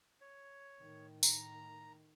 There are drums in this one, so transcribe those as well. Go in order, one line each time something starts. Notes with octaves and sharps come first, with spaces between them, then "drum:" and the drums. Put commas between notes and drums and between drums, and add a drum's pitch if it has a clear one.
C#5
A2 D#3
A#5, drum: tambourine